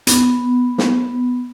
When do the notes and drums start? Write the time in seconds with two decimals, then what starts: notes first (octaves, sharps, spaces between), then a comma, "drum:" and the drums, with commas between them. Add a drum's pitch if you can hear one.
0.07 B3, drum: hi-hat
0.78 drum: snare